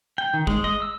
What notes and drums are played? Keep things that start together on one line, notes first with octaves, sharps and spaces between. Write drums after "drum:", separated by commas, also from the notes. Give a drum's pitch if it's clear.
G5
D#3
G#3, drum: kick
D#5
E6